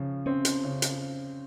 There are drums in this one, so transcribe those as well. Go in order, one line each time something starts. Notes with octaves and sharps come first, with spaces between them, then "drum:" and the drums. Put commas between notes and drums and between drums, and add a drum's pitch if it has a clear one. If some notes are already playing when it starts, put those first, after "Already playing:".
Already playing: C#3 F3
C4 C#4
drum: hi-hat
C#3
drum: hi-hat